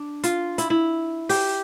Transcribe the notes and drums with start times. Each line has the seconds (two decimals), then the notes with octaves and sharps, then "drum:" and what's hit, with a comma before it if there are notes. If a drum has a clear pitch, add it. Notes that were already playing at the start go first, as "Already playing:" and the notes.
Already playing: D4
0.24 F4, drum: hi-hat
0.58 E4, drum: hi-hat
0.70 E4
1.29 G4, drum: open hi-hat